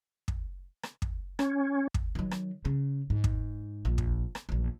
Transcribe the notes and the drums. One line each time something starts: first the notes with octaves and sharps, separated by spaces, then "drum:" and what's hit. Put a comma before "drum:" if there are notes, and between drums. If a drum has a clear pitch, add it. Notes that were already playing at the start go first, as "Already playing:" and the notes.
drum: kick
drum: rim click
drum: kick
C#4, drum: rim click
drum: kick
D#3 F#3
drum: rim click
C#3
G#2
drum: kick
A#1
drum: kick
drum: rim click
A#1 E2